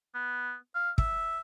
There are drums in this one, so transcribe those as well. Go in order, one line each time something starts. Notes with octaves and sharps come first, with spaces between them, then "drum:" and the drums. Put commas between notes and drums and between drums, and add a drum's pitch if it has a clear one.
B3
F5
E5, drum: kick